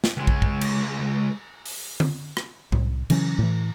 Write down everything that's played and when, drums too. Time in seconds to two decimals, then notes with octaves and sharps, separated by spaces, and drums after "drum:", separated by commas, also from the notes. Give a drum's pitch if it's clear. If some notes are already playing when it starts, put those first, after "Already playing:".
0.04 drum: snare
0.17 C#2 G#3
0.27 drum: kick
0.42 drum: kick
0.61 drum: cymbal
1.66 drum: open hi-hat
2.00 drum: tom D3
2.37 drum: rim click
2.72 C2, drum: tom A2
3.10 C#3 E3 F#3 C#4, drum: cymbal
3.39 A2 E3